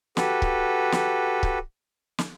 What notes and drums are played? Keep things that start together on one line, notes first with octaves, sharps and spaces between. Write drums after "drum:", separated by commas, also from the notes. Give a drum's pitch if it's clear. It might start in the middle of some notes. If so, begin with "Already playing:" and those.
F#4 G4 A4 B4, drum: snare
drum: kick C#1
drum: snare
drum: kick C#1
drum: snare